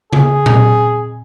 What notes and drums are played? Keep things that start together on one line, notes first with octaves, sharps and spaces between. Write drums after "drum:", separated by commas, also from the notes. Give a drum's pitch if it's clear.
G#4, drum: tom C#3
drum: tom A#2